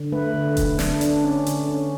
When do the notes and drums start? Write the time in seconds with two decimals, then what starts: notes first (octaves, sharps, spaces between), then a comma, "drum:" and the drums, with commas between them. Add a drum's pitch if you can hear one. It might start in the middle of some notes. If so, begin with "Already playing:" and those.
Already playing: D3
0.12 A3 B4
0.34 D3
0.57 A3, drum: kick D#1, hi-hat
0.79 D4, drum: snare
1.01 D4, drum: hi-hat
1.24 C#4
1.46 D3, drum: hi-hat
1.69 C#4